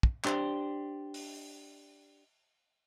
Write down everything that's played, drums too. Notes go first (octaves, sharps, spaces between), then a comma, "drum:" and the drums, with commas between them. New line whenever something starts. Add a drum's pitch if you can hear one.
drum: kick
D4 G4 C5, drum: clap
drum: open hi-hat